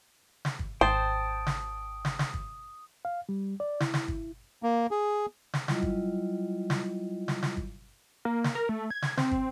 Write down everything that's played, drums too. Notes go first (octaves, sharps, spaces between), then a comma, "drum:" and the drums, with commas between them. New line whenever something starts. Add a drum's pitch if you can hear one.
drum: snare
drum: kick
G#1 C5 G5 A5 D#6
drum: snare
drum: snare
drum: snare
drum: kick
F5
G3
D5
E4, drum: snare
drum: snare
drum: kick
A#3
G#4
drum: snare
F#3 G3 E4 F4 D#5, drum: snare
drum: kick
drum: snare
drum: snare
drum: snare
drum: kick
A#3
drum: snare
A#4
A3
G#6
drum: snare
C4, drum: snare
drum: kick